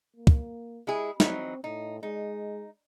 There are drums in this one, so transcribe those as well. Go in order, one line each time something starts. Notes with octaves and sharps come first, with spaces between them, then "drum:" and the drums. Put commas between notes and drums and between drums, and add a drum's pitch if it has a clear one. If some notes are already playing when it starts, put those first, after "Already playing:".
A#3
drum: kick
G#3 E4 G#4
E3 F#3 C4 D#4, drum: snare
A2 D#4
G#3 D#4